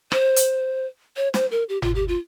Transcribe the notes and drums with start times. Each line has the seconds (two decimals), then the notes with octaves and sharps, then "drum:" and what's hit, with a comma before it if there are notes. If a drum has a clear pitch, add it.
0.12 C5, drum: rim click
0.36 drum: hi-hat
1.16 C#5
1.34 C5, drum: snare
1.51 A#4
1.69 G4
1.82 F4, drum: tom G1
1.95 G4
2.08 F4